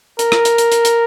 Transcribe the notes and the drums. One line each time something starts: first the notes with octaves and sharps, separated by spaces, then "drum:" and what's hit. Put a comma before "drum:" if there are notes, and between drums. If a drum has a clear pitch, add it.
A#4, drum: hi-hat
drum: rim click
drum: hi-hat
drum: hi-hat
drum: hi-hat
drum: hi-hat